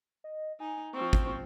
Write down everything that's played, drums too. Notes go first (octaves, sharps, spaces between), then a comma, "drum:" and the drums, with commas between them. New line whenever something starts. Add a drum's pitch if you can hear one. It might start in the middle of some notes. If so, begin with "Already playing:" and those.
D#5
D#4 G#5
F3 C4 C#6
drum: kick